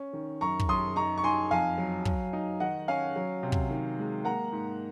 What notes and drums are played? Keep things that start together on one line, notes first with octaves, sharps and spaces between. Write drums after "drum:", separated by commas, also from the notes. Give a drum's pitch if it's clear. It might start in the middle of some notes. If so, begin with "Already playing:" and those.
Already playing: C#4
D#3
F#2 A#5 C#6
drum: kick
F#2 C6 D#6
D#4 A#5 C#6
C#6
D#4 G#5 C6
F2 F5 G#5
F#3
F#3, drum: kick
D#4
D#3 D#5 F#5
C#4 F5 G#5
F#3
C3
drum: kick
D#3
G#3
A#3 F#5 A#5
G#2